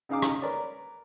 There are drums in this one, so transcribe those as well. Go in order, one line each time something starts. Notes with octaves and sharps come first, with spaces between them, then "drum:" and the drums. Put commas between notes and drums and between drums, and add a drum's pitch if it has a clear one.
C#3 D#4 G#4 F5 A#5 D6
drum: rim click
A#4 B4 C#5 D5 A#5